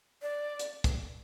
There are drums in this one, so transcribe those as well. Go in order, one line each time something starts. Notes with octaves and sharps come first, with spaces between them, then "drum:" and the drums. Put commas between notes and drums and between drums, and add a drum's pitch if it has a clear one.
D5
drum: hi-hat
drum: kick, hi-hat